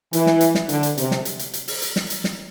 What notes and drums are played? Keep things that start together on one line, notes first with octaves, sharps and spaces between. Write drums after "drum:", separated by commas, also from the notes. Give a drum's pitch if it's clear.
E3, drum: hi-hat
drum: snare
drum: hi-hat
drum: snare
D3, drum: hi-hat
drum: hi-hat
C3, drum: hi-hat
drum: snare
drum: hi-hat
drum: hi-hat
drum: hi-hat
drum: open hi-hat
drum: hi-hat
drum: snare
drum: hi-hat
drum: snare